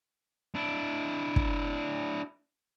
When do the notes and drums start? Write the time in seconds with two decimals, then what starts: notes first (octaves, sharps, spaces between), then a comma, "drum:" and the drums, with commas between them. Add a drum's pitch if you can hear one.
0.55 D4 E4
1.36 drum: kick